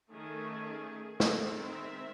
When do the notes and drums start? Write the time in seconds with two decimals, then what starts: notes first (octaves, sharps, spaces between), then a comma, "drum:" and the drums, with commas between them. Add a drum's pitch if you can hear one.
0.11 D#3 A3 C#4 G#4
1.20 D#3 G#3 C4 A4, drum: snare
1.74 E5